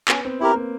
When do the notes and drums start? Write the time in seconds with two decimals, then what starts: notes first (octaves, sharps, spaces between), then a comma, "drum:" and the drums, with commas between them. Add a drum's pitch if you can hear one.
0.08 B3 C#4, drum: clap
0.25 C4
0.40 C4 E4 G4 A#4
0.55 A#3